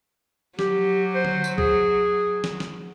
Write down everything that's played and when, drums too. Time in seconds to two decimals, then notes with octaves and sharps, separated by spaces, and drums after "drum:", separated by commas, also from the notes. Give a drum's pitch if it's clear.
0.59 F#3 G4, drum: snare
1.15 C5
1.25 drum: tom D3
1.44 drum: tambourine
1.58 G#4, drum: kick B1
2.44 drum: snare
2.60 drum: snare